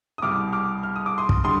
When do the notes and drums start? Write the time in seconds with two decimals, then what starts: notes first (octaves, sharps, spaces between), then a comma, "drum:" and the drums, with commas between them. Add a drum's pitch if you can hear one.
0.18 D#6
0.22 C2 B2 G3 D6 F6
0.53 D6 F6
0.83 F6
0.96 D#6
1.06 D6
1.18 C6 D#6
1.29 drum: kick
1.44 D3 G3 C6 D#6